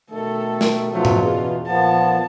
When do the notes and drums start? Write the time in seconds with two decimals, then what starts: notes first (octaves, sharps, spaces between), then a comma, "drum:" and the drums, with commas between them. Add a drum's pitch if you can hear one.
0.11 B2 D#3 A3 A4
0.61 drum: snare
0.93 B2 F3 F#3 A3 C#4 F4
1.05 drum: tom G#2
1.23 E2
1.67 A#2 F3 B3 A5